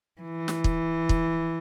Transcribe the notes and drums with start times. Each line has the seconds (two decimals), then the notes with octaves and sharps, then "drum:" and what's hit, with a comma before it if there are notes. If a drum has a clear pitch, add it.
0.21 E3
0.48 drum: snare
0.64 drum: kick
1.09 drum: kick